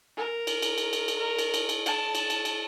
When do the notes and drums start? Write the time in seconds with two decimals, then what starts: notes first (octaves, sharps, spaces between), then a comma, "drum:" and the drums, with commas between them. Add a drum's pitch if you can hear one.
0.17 A#4
0.47 drum: cymbal
0.62 drum: cymbal
0.78 drum: cymbal
0.93 drum: cymbal
1.08 drum: cymbal
1.18 A#4
1.39 drum: cymbal
1.54 drum: cymbal
1.69 drum: cymbal
1.86 A5, drum: cymbal
2.15 drum: cymbal
2.30 drum: cymbal
2.45 drum: cymbal